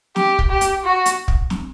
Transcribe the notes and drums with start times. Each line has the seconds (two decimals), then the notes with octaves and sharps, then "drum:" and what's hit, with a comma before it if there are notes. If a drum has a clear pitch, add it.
0.16 G4, drum: snare
0.39 drum: kick
0.50 G4
0.61 drum: hi-hat
0.84 F#4
1.06 drum: hi-hat
1.28 drum: kick
1.50 drum: snare